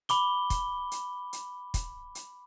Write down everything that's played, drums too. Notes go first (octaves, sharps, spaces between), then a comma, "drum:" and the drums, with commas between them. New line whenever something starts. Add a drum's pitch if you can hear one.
B5 D6 G7, drum: hi-hat
drum: kick, hi-hat
drum: hi-hat
drum: hi-hat
drum: kick, hi-hat
drum: hi-hat